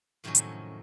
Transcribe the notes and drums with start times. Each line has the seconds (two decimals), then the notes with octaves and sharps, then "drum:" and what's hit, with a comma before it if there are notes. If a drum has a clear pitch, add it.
0.24 F2 A2 C3 D#3 F#3 C#4
0.35 drum: hi-hat